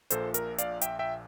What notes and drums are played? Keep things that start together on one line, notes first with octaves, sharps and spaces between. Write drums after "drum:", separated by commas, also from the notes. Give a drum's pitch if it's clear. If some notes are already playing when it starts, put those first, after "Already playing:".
A#1 A#2 A4 C5, drum: hi-hat
A#4, drum: hi-hat
D5 F5, drum: hi-hat
E5 G5, drum: hi-hat
E5 G5